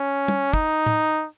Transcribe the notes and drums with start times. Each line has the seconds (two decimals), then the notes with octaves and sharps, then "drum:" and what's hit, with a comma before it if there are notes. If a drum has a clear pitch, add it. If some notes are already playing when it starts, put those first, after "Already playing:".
Already playing: C#4
0.28 drum: tom
0.54 D#4, drum: kick
0.86 drum: tom A2